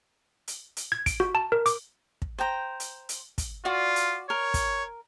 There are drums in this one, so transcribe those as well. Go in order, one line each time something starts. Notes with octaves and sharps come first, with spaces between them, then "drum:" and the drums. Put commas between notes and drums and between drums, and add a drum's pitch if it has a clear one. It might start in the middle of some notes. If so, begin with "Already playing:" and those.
drum: hi-hat
drum: hi-hat
G#6
D7, drum: kick, hi-hat
F#4
A5
A#4
D6, drum: hi-hat
drum: kick
C5 G5 A#5
drum: hi-hat
drum: hi-hat
drum: kick, hi-hat
F4 F#4 D5
drum: hi-hat
A#4 C#5
drum: kick, hi-hat